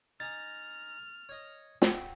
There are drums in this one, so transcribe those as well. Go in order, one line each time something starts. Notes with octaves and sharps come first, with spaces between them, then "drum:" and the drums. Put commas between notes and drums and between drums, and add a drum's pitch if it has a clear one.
D#4 G#5 A#5 F6 A6
C#5 D#5
C4 F#4 G4, drum: snare